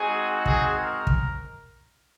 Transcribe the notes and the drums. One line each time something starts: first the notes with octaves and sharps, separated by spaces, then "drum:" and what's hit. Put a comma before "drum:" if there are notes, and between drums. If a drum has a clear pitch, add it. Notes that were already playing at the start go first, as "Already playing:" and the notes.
Already playing: G#3 C4 D#4 F#4 G#4
G#4, drum: kick
A#4
drum: kick